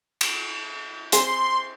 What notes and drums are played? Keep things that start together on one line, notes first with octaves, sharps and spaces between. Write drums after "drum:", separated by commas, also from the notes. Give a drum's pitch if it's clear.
drum: cymbal
C4 G#4 C6, drum: hi-hat